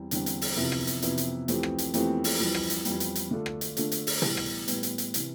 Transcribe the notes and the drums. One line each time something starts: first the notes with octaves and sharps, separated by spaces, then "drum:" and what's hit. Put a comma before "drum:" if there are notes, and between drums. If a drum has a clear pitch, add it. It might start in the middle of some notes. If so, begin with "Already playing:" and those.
Already playing: E2 G3 C4
E2 D3 G3 C4, drum: hi-hat
drum: hi-hat
drum: open hi-hat
F2 C3 E3 B3 E4
drum: rim click
drum: hi-hat
F2 C3 E3 B3 E4, drum: hi-hat
drum: hi-hat
F2 E3 A3 C4 G4, drum: hi-hat
drum: rim click
drum: hi-hat
F2 E3 A3 C4 G4, drum: hi-hat
drum: open hi-hat
F2 E3 G3
drum: rim click
drum: hi-hat
F2 E3 G3, drum: hi-hat
drum: hi-hat
drum: hi-hat
D3 A3 D4 F4 A4
drum: rim click
drum: hi-hat
D3 A3 D4 F4 A4, drum: hi-hat
drum: hi-hat
drum: open hi-hat
A2 E3 G3 B3, drum: tom
drum: rim click
A2 E3 G3 B3, drum: hi-hat
drum: hi-hat
drum: hi-hat
C3 E3, drum: hi-hat